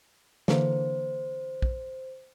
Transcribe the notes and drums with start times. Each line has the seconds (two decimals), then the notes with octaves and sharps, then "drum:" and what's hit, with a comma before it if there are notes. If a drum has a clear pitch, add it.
0.48 D3 E3 A#3 C5, drum: snare
1.62 drum: kick